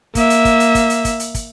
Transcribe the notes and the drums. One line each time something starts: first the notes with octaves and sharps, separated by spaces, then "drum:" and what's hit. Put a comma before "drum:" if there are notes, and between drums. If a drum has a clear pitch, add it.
A#3 E5, drum: kick, hi-hat
drum: hi-hat
drum: kick, hi-hat
drum: hi-hat
drum: kick, hi-hat
drum: hi-hat
drum: kick, hi-hat
drum: hi-hat
drum: kick, hi-hat